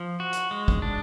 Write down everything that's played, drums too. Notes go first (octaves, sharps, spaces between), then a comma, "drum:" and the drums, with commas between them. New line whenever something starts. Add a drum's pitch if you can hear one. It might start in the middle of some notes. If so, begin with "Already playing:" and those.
Already playing: F3
F#4
drum: hi-hat
G#3
drum: kick
D4